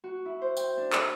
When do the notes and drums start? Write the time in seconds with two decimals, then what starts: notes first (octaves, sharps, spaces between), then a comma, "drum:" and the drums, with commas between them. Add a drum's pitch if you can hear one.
0.04 F#4
0.25 E4
0.42 C5
0.57 G5, drum: tambourine
0.77 D4
0.93 drum: clap